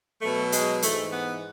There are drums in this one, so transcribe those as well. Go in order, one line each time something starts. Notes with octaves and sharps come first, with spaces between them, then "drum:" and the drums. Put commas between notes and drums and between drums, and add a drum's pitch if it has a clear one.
B2 F#3 A3
G#3, drum: hi-hat
G#2 E3 A3, drum: hi-hat
B3